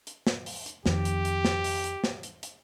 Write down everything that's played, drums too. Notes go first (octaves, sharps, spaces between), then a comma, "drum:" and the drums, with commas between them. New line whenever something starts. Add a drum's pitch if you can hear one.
drum: hi-hat
drum: snare
drum: open hi-hat
drum: hi-hat
F2 D#3 G4, drum: snare
drum: hi-hat
drum: hi-hat
drum: snare
drum: open hi-hat
drum: hi-hat
drum: snare
drum: hi-hat
drum: hi-hat